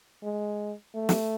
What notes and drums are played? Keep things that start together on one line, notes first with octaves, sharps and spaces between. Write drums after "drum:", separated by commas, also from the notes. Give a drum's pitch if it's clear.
G#3
A3
drum: snare